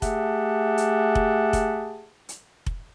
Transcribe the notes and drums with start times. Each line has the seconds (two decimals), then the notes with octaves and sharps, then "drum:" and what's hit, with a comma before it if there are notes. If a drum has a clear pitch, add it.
0.02 A3 G4 G#4 E5 F#5 A5, drum: kick F1, hi-hat
0.78 drum: hi-hat
1.15 drum: kick F1
1.53 drum: kick F1, hi-hat
2.29 drum: hi-hat
2.66 drum: kick F1